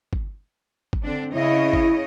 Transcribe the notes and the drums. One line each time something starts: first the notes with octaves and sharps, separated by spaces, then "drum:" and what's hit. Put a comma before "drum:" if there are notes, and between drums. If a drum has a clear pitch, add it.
drum: kick G1
drum: kick G1
D3 C4 D4
C#3 E4 C#5 D#5
drum: kick G1